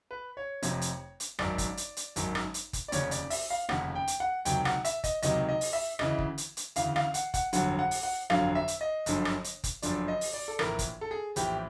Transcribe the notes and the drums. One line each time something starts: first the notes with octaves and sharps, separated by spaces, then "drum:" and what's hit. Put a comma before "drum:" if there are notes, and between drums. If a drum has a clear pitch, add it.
B4
C#5
F1 F2 C3, drum: hi-hat
drum: hi-hat
drum: hi-hat
G#1 F#2 D#3 D5, drum: rim click
drum: kick F#1, hi-hat
drum: hi-hat
drum: hi-hat
G#1 F#2 D#3, drum: hi-hat
drum: rim click
drum: hi-hat
drum: kick F#1, hi-hat
D5
F1 D#2 C#3 C#5, drum: hi-hat
D5, drum: hi-hat
E5, drum: open hi-hat
F5
F1 D#2 C#3 F#5, drum: rim click
G5
drum: hi-hat
F#5
C#2 C3 D#3 F#3 G5, drum: hi-hat
F#5, drum: rim click
E5, drum: hi-hat
D#5, drum: kick F#1, hi-hat
C#2 C3 D#3 F#3 D#5, drum: hi-hat
D#5
drum: open hi-hat
E5
D2 C#3 E3 D#5, drum: rim click
drum: kick F#1
drum: hi-hat
drum: hi-hat
D2 C#3 E3 F5, drum: hi-hat
F5, drum: rim click
F#5, drum: hi-hat
F#5, drum: kick F#1, hi-hat
G1 F2 D3 F#3 F#5, drum: hi-hat
F#5
drum: open hi-hat
F#5
G1 F2 D3 F#3 F5, drum: rim click
E5
drum: hi-hat
D#5
G1 F#2 D3 F3, drum: hi-hat
drum: rim click
drum: hi-hat
drum: kick F#1, hi-hat
G1 F#2 D3 F3 D5, drum: hi-hat
D#5
drum: open hi-hat
D5
A4
A#1 A2 E3 A#4, drum: rim click
drum: kick F#1, hi-hat
A4
G#4
A#1 A2 E3 G4, drum: hi-hat